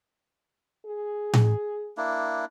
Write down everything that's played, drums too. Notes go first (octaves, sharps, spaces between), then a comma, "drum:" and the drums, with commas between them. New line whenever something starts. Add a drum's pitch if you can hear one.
G#4
drum: tom A2
A#3 D4 E4